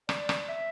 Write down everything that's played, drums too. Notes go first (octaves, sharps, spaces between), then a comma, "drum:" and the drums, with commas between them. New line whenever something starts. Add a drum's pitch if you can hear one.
D5, drum: rim click
drum: rim click
E5